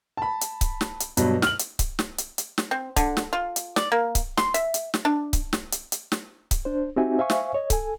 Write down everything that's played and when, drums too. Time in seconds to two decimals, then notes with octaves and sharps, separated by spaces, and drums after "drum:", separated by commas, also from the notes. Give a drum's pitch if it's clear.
0.17 A5 B5
0.41 drum: hi-hat
0.61 drum: kick C#1, hi-hat
0.81 drum: snare
1.00 drum: hi-hat
1.17 G2 B2 F#3, drum: hi-hat
1.42 F6 F#7, drum: snare
1.59 drum: hi-hat
1.79 drum: kick C#1, hi-hat
1.99 drum: snare
2.18 drum: hi-hat
2.38 drum: hi-hat
2.58 drum: snare
2.71 C4
2.96 D3, drum: kick C#1, hi-hat
3.17 drum: snare
3.33 F4
3.56 drum: hi-hat
3.76 D5, drum: snare
3.92 A#3
4.15 drum: kick C#1, hi-hat
4.37 C6, drum: snare
4.54 E5, drum: hi-hat
4.74 drum: hi-hat
4.94 drum: snare
5.05 D4
5.33 drum: kick C#1, hi-hat
5.53 drum: snare
5.72 drum: hi-hat
5.92 drum: hi-hat
6.12 drum: snare
6.51 drum: kick C#1, hi-hat
6.65 D4 C5
6.96 C4 D#4 F#4 G4 E5 G#5
7.18 C5 E5 F5 G#5 C#6
7.30 drum: snare
7.54 C#5 D#5
7.70 A4 G#5, drum: kick C#1, hi-hat